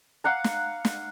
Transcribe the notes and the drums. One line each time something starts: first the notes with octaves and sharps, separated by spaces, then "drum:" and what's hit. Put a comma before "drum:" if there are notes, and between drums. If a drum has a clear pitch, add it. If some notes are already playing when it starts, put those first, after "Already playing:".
F5 F#5 A#5
drum: snare
drum: snare